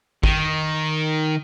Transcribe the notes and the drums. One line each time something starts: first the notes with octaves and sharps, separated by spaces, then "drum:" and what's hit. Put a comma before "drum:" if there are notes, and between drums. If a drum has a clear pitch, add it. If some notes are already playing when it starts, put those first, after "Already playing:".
D#3, drum: kick